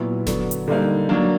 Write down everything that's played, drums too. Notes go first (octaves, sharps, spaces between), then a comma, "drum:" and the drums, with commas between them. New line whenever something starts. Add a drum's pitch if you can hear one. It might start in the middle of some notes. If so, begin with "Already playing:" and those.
Already playing: A#2 F#3 B3 E4
D3 F#3 B3, drum: snare F1
drum: hi-hat
D3 G3 A#3 D#4
F#3 A#3 D4